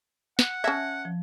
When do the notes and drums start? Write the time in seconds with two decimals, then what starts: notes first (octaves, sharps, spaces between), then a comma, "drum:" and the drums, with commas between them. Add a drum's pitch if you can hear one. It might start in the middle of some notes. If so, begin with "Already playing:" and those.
0.39 F#5, drum: snare
0.64 C#4 E5 A5 G#6 A#6
1.05 F3